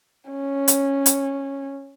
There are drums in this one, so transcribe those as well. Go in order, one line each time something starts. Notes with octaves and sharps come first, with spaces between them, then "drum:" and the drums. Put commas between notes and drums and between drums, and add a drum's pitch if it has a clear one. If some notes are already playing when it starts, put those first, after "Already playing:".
C#4
drum: hi-hat
drum: hi-hat